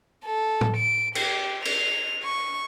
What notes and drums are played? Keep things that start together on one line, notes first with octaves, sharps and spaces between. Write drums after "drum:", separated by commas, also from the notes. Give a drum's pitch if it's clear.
A4
drum: tom A2
D7
G4, drum: cymbal
F7, drum: cymbal
C#6